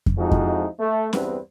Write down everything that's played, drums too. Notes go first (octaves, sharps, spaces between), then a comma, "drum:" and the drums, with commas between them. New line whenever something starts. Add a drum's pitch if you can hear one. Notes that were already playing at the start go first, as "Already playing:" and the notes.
drum: kick F2
F2 F3 G#3 D#4 E4 F#4
drum: kick F2
A3
E2 G2 B3 C4 B4, drum: snare C#4